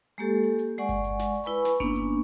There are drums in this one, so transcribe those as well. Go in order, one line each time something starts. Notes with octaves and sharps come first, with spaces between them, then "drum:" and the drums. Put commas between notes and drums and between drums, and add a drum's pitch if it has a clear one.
G#3 A#3 G4 A4
drum: open hi-hat
drum: hi-hat
G#3 D5 F#5 G#5 C#6
drum: kick G1, hi-hat
drum: hi-hat
drum: snare
drum: hi-hat
E4 B4 G#5 B5 C#6
drum: snare
A#3 B3 C#4 D4, drum: kick G1, hi-hat
drum: hi-hat